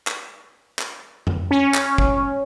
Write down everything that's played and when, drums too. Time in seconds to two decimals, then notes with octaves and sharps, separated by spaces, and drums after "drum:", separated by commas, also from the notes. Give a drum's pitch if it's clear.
0.07 drum: clap
0.79 drum: clap
1.27 drum: tom F2
1.51 C#4
1.75 drum: clap
1.98 drum: kick